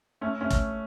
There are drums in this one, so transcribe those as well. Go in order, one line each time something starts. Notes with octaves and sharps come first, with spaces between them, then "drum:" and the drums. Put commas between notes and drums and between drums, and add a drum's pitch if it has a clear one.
A3 C#4
A3 C#4
drum: kick, hi-hat